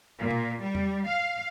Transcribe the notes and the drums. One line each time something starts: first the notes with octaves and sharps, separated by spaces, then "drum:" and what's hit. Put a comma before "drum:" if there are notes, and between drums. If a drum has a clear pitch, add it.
A#2
drum: tom B2
G3
drum: tom E2
F5